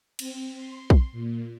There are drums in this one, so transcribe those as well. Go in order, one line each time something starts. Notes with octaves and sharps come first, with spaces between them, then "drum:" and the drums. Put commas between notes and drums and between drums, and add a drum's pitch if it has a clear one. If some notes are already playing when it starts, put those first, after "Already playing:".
C4, drum: cymbal
C6
drum: kick
A#2